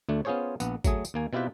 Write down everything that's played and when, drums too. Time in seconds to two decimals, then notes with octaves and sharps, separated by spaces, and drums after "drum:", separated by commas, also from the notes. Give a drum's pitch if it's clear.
0.09 D2 A3 D4
0.25 B3 C#4 F4 G#4 C5 C#5
0.60 A#1 B3 F#5, drum: tambourine
0.84 F#3 A3 G#4, drum: kick G#1, tambourine
1.05 drum: tambourine
1.14 D#2 A#3 G#5
1.33 B2 C4 E4 F4 G4 B4